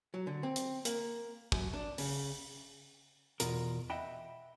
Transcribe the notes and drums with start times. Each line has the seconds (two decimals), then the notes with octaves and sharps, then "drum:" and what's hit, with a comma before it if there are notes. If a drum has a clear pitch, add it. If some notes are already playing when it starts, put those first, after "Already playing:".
0.14 F#3
0.27 D3
0.43 C4
0.56 drum: hi-hat
0.85 A#3, drum: hi-hat
1.52 F#2, drum: kick
1.74 D4
1.98 C#3, drum: open hi-hat
3.40 E2 B2 F4 A#4, drum: hi-hat
3.90 D#5 E5 F#5 G5 B5